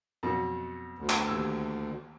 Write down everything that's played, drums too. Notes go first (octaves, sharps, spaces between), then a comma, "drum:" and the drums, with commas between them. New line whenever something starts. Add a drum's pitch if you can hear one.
F2 B2 F#3
D2
drum: clap
D#2 E6